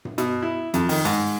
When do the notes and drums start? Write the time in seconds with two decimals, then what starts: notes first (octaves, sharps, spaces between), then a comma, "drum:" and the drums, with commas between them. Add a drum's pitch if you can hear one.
0.05 drum: tom G2
0.18 B2, drum: hi-hat
0.42 E4
0.74 F2, drum: hi-hat
0.89 D#3, drum: open hi-hat
1.05 G#2, drum: hi-hat